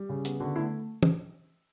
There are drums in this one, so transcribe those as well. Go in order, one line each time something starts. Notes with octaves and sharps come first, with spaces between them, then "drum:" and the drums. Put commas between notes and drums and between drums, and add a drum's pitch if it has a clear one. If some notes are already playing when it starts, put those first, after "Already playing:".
Already playing: G3
C#3
B3, drum: hi-hat
D3 F#4
A3 E4
drum: tom